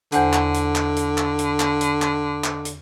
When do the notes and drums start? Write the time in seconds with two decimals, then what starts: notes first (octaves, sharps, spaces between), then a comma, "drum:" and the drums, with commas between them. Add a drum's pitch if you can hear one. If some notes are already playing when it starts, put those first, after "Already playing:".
0.12 E2 D3 C5 F#5, drum: hi-hat
0.33 drum: clap
0.54 drum: hi-hat
0.75 drum: clap
0.96 drum: hi-hat
1.18 drum: clap
1.39 drum: hi-hat
1.60 drum: clap
1.81 drum: hi-hat
2.02 drum: clap
2.44 drum: clap
2.65 drum: hi-hat